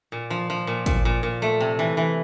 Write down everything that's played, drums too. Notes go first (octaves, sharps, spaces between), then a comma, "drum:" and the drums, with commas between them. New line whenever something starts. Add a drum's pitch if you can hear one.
A#2
F3
F3
A#2
A#2, drum: kick, hi-hat
A#2
A#2
A3
C3
E3
E3